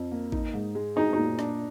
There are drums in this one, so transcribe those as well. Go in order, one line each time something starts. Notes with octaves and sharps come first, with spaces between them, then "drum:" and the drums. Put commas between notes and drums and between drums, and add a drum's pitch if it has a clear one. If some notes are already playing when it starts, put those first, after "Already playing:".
Already playing: F2
A#3
D#4, drum: kick
G#2
G#3
D#4 G#4
A#2 D#4
D4, drum: snare